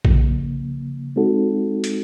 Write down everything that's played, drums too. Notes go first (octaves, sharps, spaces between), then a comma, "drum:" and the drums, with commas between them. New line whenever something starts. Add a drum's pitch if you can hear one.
C#3 F3 A#3, drum: kick A#1
G#3 C4 D#4 F#4 A4
drum: hi-hat